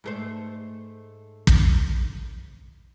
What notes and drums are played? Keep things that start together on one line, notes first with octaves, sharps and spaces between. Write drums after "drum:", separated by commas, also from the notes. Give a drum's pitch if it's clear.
G#2 A3 C5
drum: kick